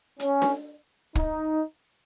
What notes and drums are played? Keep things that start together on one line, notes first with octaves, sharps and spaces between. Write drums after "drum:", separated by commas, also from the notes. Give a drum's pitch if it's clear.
C#4, drum: hi-hat
drum: snare D4
D#4, drum: kick